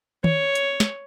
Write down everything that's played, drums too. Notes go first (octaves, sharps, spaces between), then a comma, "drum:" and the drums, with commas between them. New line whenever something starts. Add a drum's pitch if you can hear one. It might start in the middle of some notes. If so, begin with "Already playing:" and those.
C#5, drum: tom D#3
drum: hi-hat
drum: snare